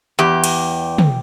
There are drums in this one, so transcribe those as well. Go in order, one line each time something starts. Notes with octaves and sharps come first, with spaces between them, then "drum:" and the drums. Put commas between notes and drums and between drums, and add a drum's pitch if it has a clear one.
E2 G4
drum: cymbal
drum: tom